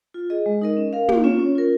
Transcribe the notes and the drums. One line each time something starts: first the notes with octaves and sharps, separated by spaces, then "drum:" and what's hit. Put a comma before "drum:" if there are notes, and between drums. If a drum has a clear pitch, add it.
F4
G#4 D#5
G#3
D#4 A#4 D#5
C#4
A#4 F5
A#3, drum: tom
C#4 F4 C#5
C#4
F4 A#4